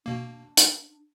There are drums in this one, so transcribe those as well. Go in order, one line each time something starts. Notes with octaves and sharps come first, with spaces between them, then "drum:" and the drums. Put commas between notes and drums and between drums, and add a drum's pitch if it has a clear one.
B2 A#3 D4
drum: hi-hat